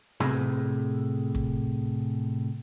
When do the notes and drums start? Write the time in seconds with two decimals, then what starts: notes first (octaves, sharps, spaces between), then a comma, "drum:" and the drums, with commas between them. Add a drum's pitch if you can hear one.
0.20 A2 C3 G#4, drum: snare B3
1.35 drum: kick